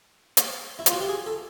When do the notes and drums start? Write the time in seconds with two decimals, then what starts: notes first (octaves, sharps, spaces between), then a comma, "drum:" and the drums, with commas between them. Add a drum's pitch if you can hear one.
0.37 drum: hi-hat
0.79 E4
0.86 F4, drum: hi-hat
0.93 F#4
1.01 G4
1.09 G#4
1.26 A4